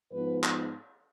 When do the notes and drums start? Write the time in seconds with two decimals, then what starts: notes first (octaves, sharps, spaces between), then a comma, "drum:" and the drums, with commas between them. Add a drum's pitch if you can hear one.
0.13 G#2 F3 B3 D#4 B4
0.44 drum: clap